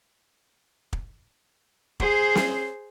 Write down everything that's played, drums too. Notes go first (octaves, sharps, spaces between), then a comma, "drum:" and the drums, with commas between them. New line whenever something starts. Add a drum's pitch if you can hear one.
drum: kick
G#4 C5, drum: kick
drum: snare